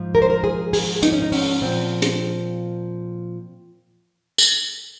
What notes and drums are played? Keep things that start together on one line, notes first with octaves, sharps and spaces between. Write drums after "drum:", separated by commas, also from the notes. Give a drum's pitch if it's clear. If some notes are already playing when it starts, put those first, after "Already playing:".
Already playing: G#2 F3
A#4
C5
A#4
G#4
G#4, drum: open hi-hat
D#4, drum: hi-hat
C#4
D#4
C#4, drum: open hi-hat
A#2 F3 C4
drum: hi-hat
drum: tambourine